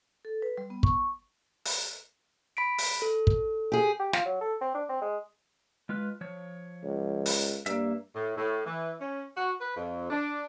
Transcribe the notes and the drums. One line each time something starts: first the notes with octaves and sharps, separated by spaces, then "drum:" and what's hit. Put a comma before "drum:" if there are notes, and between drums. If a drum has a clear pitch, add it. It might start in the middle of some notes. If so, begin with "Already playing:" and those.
A4
B4
G3
B3
C#6, drum: kick
drum: open hi-hat
B5 B6 D7
drum: open hi-hat
A4
drum: kick
G4 G#4
G4
F4, drum: snare
F#3
A4
C4
D4
C4
G#3
G#3 F4 B4
F3 C#5
C#2
drum: open hi-hat
G2 A#3 E5, drum: hi-hat
A2
A2
E3
C#4
F#4
B4
F2
D4